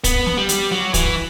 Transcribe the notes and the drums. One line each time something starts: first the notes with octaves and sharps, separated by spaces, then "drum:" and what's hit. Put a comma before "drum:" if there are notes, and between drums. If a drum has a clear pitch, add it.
B3, drum: kick, hi-hat
drum: snare
G3
drum: hi-hat
F#3
E3, drum: kick, hi-hat